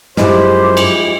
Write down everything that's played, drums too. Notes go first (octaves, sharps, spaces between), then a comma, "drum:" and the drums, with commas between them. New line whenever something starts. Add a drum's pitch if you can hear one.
F#2 F3 G#3 E4 G4 C5, drum: snare
drum: cymbal